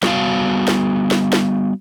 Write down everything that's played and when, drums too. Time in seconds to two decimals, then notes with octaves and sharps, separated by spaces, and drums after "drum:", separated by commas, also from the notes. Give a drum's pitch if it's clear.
0.03 G3 B3 F#4 F5, drum: snare
0.68 drum: snare
1.11 drum: snare
1.33 drum: snare